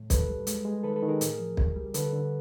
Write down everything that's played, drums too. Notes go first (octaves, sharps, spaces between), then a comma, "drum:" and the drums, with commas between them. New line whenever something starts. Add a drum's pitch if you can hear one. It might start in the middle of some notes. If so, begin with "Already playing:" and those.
Already playing: A2
D#2 A4 B4, drum: kick, hi-hat
G3
G#3, drum: hi-hat
G#3
D#3 A4 B4
A4 B4
D#3
G#4 A#4
A2, drum: hi-hat
F3
C#2, drum: kick
G3
D3 A4 B4, drum: hi-hat
D3